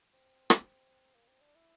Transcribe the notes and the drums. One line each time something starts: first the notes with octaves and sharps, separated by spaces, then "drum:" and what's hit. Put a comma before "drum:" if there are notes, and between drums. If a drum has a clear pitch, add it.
C4
drum: rim click
A#3
C4
D4
E4